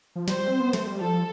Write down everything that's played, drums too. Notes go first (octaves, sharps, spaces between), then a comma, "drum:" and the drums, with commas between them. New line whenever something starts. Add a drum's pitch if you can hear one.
F3
G3 C5, drum: snare
C4
B3
A3, drum: snare
G3
F3 A4